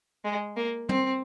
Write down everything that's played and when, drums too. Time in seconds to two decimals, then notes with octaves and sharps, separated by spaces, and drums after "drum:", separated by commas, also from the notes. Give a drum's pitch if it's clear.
0.24 G#3
0.57 A#3
0.89 C4, drum: tom